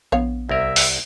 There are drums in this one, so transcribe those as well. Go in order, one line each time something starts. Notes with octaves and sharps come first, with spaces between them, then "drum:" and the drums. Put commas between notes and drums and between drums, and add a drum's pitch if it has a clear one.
A#1 B3 C#5 F5
C2 A#4 E5
drum: open hi-hat